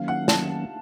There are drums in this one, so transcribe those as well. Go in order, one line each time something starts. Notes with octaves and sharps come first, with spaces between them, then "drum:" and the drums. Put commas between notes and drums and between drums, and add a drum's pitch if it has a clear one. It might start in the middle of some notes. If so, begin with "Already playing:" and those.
Already playing: D#3 F#3 A#3 C#4 F5
F#5
A5, drum: snare